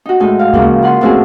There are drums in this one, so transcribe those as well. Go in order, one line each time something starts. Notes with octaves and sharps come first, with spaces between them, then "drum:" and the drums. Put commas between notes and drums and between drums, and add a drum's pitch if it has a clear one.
D#4 F#4
A2 G#3 D#4
F5
C#3 F3 G#3 A#3, drum: kick D2
F4 F#5 C6
A2 F3 C4 C#4 F#4 G#4